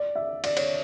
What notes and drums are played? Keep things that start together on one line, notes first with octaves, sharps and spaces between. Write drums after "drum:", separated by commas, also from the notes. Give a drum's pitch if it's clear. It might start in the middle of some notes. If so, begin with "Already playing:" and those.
Already playing: D5
E5
D5, drum: cymbal
C#5, drum: cymbal